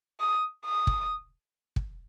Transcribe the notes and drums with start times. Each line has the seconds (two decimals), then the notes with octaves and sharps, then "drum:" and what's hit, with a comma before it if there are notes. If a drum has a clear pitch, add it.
0.20 D#6
0.65 D#6
0.87 drum: kick
1.76 drum: kick